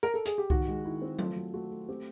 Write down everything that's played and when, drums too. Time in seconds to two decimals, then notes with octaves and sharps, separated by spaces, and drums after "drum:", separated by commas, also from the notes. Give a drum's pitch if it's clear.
0.03 A#4
0.14 A4
0.26 G#4, drum: hi-hat
0.38 G4
0.50 D#3 F#4, drum: kick C2
0.68 G#3
0.85 D#3 E4
1.02 C4
1.19 A3 F4, drum: tom F#3
1.37 F#3
1.54 A3 F#4
1.71 A3
1.89 C4 G4